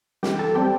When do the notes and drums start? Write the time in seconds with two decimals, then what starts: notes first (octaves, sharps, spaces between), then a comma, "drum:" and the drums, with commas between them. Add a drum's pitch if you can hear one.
0.23 E3 G4 G5, drum: snare
0.39 A4 A5
0.55 G3 C4 G4 G5